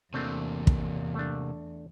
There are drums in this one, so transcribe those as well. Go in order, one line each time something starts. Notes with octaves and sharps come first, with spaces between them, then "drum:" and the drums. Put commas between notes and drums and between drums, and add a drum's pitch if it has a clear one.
E2 C3 A3 A#3 C4 D4
drum: kick
A3 D4